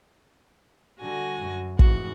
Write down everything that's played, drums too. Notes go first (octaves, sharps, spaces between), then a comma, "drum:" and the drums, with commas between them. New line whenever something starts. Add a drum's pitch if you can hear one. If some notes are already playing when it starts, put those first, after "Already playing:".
D3 G3 F#4 G#5 A#6
F#2
F1 G#2 E3 F#4, drum: kick